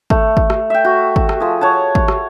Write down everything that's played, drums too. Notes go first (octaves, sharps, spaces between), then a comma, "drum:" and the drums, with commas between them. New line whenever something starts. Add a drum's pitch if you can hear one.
A3, drum: kick G#1
drum: kick G#1
drum: rim click
E5 G5
F#4
drum: kick G#1
drum: rim click
F3 G#4
C#5 F#5 A5
drum: kick G#1
drum: rim click